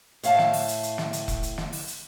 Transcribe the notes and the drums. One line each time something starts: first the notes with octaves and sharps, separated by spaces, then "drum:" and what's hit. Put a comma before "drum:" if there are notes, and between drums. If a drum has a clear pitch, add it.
A2 F5 A5, drum: hi-hat
drum: snare
drum: open hi-hat
drum: hi-hat
drum: hi-hat
drum: snare
drum: hi-hat
drum: kick E1, hi-hat
drum: hi-hat
drum: snare
drum: open hi-hat
drum: hi-hat